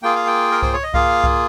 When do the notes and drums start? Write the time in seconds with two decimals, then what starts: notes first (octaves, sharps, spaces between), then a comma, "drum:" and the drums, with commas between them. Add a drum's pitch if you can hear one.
0.03 A#3 F4 G#4 G5
0.16 F5
0.27 G5
0.51 A#4
0.63 C5, drum: kick C2
0.73 C#5
0.84 D#5
0.94 A#3 F4 G#4 F5, drum: kick C2
1.24 drum: kick C2